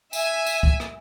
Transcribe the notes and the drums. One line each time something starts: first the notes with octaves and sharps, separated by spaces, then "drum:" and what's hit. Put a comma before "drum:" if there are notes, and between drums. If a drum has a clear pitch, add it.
E5 G#5, drum: tambourine
drum: tambourine
drum: kick
drum: rim click